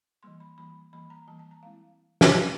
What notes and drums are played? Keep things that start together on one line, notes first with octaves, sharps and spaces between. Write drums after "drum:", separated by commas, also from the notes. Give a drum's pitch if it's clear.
E3 G3 A#3 C6
B5
E3 G3 A#3 B5
E3 G3 A#3 B5
A#5
E3 G3 A#3 A5
A5
A#5
G#3 C4 E4 F5
drum: snare